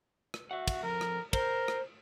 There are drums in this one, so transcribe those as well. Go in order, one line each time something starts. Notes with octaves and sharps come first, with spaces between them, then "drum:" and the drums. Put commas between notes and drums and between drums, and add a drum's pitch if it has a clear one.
drum: rim click
F#4 E5 F#5
drum: kick, cymbal
F2 A#4
drum: rim click
A#4 C5, drum: kick, cymbal
drum: rim click